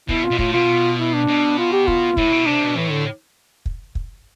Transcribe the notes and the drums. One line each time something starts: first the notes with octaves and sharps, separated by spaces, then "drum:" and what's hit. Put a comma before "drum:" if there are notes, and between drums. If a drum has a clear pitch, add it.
B2 E4, drum: kick
F4
B2
A2 F4, drum: kick
B2 F4
E4
D4
B2
F4
G4
F4, drum: kick
A2 E4, drum: kick
B2
C3 D4
B2
A2 E3
D3
drum: kick
drum: kick